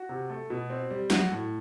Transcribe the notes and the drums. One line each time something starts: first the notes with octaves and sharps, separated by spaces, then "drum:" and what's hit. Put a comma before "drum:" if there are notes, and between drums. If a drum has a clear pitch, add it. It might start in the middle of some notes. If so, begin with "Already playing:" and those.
Already playing: F#4
C3
A3
B2
C4
G3
F#4, drum: snare
A2